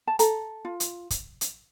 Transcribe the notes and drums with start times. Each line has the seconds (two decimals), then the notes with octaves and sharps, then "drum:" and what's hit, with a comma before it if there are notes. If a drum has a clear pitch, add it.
0.07 A5
0.19 A4 A#5, drum: hi-hat
0.65 F4
0.80 drum: hi-hat
1.10 drum: kick, hi-hat
1.41 drum: hi-hat